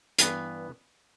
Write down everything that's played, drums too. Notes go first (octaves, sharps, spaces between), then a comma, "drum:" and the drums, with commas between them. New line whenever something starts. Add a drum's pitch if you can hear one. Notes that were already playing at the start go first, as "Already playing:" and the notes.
G2 E3 B3, drum: hi-hat